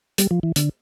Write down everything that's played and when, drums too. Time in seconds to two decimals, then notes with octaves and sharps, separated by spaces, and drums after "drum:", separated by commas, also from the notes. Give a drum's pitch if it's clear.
0.18 G3, drum: hi-hat
0.31 F3
0.43 E3
0.56 D3, drum: hi-hat